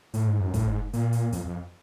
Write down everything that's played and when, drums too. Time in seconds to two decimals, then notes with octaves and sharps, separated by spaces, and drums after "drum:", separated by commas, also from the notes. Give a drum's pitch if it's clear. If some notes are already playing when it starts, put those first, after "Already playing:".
0.14 A2, drum: hi-hat
0.27 G#2
0.40 F#2
0.54 A2, drum: kick, hi-hat
0.67 G#2
0.93 A#2, drum: hi-hat
1.13 drum: hi-hat
1.32 F2, drum: hi-hat
1.46 F2